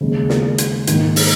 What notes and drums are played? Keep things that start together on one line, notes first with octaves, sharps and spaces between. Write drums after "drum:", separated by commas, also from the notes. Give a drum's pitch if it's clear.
D#2 C#3 G#3
drum: snare
drum: hi-hat
G#2 D#3 A#3, drum: hi-hat
drum: open hi-hat